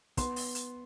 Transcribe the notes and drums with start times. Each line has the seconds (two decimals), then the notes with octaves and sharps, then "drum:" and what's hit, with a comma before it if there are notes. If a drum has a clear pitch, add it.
0.17 B3 C6, drum: kick, hi-hat
0.36 drum: open hi-hat
0.55 drum: hi-hat